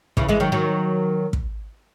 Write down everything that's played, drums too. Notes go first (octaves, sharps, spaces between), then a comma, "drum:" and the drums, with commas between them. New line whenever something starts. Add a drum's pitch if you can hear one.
C#3 E3, drum: kick
E3 G#3
D#3 F#3
D#3 F#3
drum: kick